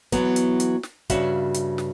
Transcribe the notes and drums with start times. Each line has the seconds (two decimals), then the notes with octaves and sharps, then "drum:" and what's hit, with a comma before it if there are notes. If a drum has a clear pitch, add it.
0.12 E3 F#3 B3, drum: kick, hi-hat
0.36 drum: hi-hat
0.60 drum: hi-hat
0.83 drum: snare
1.10 G2 C#3 F#4 E5, drum: kick, hi-hat
1.54 drum: hi-hat
1.78 drum: snare